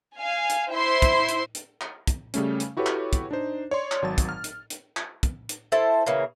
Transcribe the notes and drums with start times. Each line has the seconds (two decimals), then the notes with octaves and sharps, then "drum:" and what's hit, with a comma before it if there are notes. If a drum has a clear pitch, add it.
0.17 F5 G#5
0.50 drum: hi-hat
0.71 E4 C5 E5 C6
1.02 drum: kick, hi-hat
1.29 drum: hi-hat
1.55 drum: hi-hat
1.81 drum: clap
2.07 drum: kick, hi-hat
2.34 C#3 G3 A3 C#4, drum: hi-hat
2.60 drum: hi-hat
2.77 E4 F#4 G4 A4 B4 C#5
2.86 drum: clap
3.13 drum: kick, hi-hat
3.31 D4 D#4 C5
3.71 C#5 D5 C6
3.92 drum: clap
4.02 G#1 F#3 A5 A6
4.18 drum: kick, hi-hat
4.29 F6
4.44 drum: hi-hat
4.70 drum: hi-hat
4.97 drum: clap
5.23 drum: kick, hi-hat
5.49 drum: hi-hat
5.72 E4 A4 C5 A5
6.06 C#3 E3 A#3